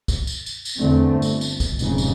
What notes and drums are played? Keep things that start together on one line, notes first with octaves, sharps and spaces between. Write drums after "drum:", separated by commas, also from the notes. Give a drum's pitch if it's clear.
drum: kick, tambourine
drum: tambourine
drum: tambourine
drum: tambourine
E2 D3 A3 C4
G1
drum: tambourine
drum: tambourine
drum: kick, tambourine
F1 B1 G#2 C#3, drum: tambourine
drum: tambourine